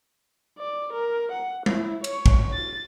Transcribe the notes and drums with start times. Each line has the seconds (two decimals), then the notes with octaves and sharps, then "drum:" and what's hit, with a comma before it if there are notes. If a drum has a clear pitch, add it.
0.59 D5
0.93 A#4
1.32 F#5
1.66 E4, drum: tom G#3
2.04 C#5, drum: cymbal
2.26 drum: kick
2.53 A6